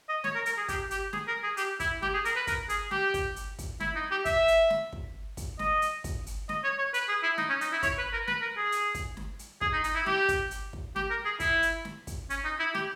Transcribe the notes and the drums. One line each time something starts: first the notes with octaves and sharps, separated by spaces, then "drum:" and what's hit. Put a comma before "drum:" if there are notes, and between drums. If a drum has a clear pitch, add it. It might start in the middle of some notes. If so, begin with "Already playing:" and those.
D#5
C#5, drum: snare
A#4
A#4, drum: hi-hat
G#4
G4, drum: kick, hi-hat
G4, drum: hi-hat
G#4, drum: snare
A#4
G#4
G4, drum: hi-hat
E4, drum: kick, hi-hat
G4, drum: snare
G#4
A#4, drum: hi-hat
B4
A#4, drum: kick, hi-hat
G#4, drum: hi-hat
G4, drum: snare
drum: kick, hi-hat
drum: hi-hat
drum: kick, hi-hat
E4, drum: snare
D#4
G4
E5, drum: kick, hi-hat
drum: hi-hat
drum: snare
drum: kick
drum: kick, hi-hat
D#5, drum: snare
drum: hi-hat
drum: kick, hi-hat
drum: hi-hat
D#5, drum: snare
C#5
C#5
B4, drum: hi-hat
G#4
E4
D#4, drum: snare
C#4
D#4, drum: hi-hat
E4
C#5, drum: kick, hi-hat
B4
A#4
B4, drum: snare
A#4
G#4
drum: hi-hat
drum: kick, hi-hat
drum: snare
drum: hi-hat
G#4, drum: kick
D#4
D#4, drum: hi-hat
E4
G4, drum: snare
drum: kick, hi-hat
drum: hi-hat
drum: kick
G4, drum: snare
A#4
G#4
E4, drum: kick, hi-hat
drum: hi-hat
drum: snare
drum: kick, hi-hat
C#4, drum: hi-hat
D#4
E4
G4, drum: snare